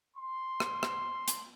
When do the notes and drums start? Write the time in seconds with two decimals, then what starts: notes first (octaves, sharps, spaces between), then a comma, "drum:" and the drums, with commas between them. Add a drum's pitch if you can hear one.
0.16 C6
0.60 drum: rim click
0.83 drum: rim click
1.28 drum: hi-hat